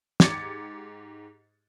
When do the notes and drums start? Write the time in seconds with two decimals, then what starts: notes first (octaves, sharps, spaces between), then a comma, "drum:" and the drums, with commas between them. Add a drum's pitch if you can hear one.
0.20 G#2 G4 D6 G#6 A6 C#7, drum: snare